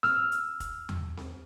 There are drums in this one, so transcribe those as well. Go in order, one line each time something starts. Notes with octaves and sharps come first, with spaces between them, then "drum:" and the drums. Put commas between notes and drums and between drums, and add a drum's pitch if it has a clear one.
E6 F6, drum: snare C4
drum: hi-hat
drum: kick, hi-hat
drum: tom E2
drum: snare C4